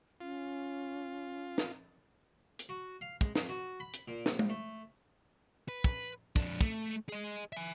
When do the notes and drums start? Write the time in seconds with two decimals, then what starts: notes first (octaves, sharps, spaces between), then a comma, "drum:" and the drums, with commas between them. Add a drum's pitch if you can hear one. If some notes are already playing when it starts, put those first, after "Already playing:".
0.21 C#4 F4
1.58 drum: snare
2.59 drum: hi-hat
2.69 F#4
3.01 F5
3.21 G#3, drum: kick
3.35 F2, drum: snare
3.49 F#4
3.80 B5
3.94 drum: hi-hat
4.08 A#2
4.26 A#1, drum: snare
4.39 drum: tom G#3
4.49 A3
5.69 B4
5.84 drum: kick
6.36 F2 D4, drum: kick
6.61 A3, drum: kick
7.09 G#4 D#5
7.52 E5 G#5